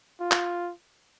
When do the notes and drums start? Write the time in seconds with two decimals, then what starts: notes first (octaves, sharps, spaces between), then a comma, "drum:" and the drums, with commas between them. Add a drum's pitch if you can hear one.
0.20 F4
0.31 drum: clap